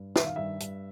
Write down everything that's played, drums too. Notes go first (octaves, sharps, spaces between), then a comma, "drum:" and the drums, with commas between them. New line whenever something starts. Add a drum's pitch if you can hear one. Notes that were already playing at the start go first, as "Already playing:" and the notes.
Already playing: G2
D#3 E5, drum: snare
F5
G2 E5
G2, drum: hi-hat